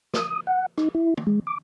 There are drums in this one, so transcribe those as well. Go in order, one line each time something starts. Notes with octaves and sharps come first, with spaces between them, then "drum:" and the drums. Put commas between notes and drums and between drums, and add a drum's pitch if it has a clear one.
D#6, drum: snare
F#5
D#4, drum: rim click
E4
drum: tom
G#3
D6